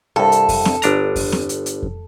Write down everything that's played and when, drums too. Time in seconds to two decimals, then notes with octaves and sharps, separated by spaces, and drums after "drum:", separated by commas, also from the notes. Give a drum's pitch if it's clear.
0.16 C2 G2 A4
0.32 drum: hi-hat
0.49 drum: kick F2, open hi-hat
0.65 drum: snare C4
0.82 G1 D4 A#5, drum: hi-hat
1.16 drum: kick F2, open hi-hat
1.32 drum: snare C4
1.49 drum: hi-hat
1.66 drum: hi-hat
1.83 drum: kick F2